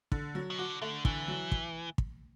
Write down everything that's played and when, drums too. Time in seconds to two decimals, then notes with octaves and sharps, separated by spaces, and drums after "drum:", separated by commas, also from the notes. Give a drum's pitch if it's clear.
0.12 D3, drum: kick
0.35 F#3
0.50 B2
0.58 D3 F#4
0.82 D3 A3
1.05 D3 E3, drum: kick
1.28 F#3
1.52 drum: kick
1.98 drum: kick